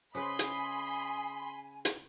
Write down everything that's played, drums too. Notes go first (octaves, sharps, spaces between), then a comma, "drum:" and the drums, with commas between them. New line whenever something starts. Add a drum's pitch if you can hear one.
C#3 B4 D#5 G#5 B5 C6
drum: hi-hat
drum: hi-hat